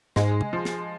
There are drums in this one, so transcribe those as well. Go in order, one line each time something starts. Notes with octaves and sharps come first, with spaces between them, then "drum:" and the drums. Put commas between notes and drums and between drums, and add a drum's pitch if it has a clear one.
G#2 G#3, drum: snare
drum: tom C3
F3
drum: snare